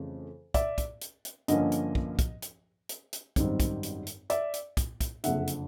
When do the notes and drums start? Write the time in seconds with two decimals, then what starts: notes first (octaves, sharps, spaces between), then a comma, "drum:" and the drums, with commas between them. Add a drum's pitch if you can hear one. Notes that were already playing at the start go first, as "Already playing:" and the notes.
Already playing: F2 C#3 E3 A3 C4
0.54 D5 E5, drum: kick, hi-hat
0.78 drum: kick, hi-hat
1.01 drum: hi-hat
1.25 drum: hi-hat
1.48 G2 D3 F3 A#3 C#4 D#5, drum: hi-hat
1.72 drum: hi-hat
1.95 drum: kick
2.19 drum: kick, hi-hat
2.42 drum: hi-hat
2.89 drum: hi-hat
3.13 drum: hi-hat
3.36 G#1 F#2 D#3 G3 C4, drum: kick, hi-hat
3.60 drum: kick, hi-hat
3.83 drum: hi-hat
4.07 drum: hi-hat
4.30 D5 E5, drum: hi-hat
4.54 drum: hi-hat
4.77 drum: kick, hi-hat
5.00 drum: kick, hi-hat
5.24 F#1 F2 D3 E5 F#5, drum: hi-hat
5.47 drum: hi-hat